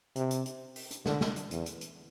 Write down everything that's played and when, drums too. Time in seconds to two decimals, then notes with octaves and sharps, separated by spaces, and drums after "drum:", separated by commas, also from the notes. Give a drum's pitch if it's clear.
0.16 C3, drum: hi-hat
0.31 drum: hi-hat
0.46 drum: hi-hat
0.76 drum: open hi-hat
0.91 drum: hi-hat
1.06 D3, drum: snare
1.21 drum: snare
1.36 drum: hi-hat
1.51 E2, drum: hi-hat
1.66 drum: hi-hat
1.81 drum: hi-hat